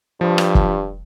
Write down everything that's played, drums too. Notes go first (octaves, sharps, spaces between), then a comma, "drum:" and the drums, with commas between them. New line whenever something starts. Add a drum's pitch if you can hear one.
G2 F3
drum: rim click
drum: kick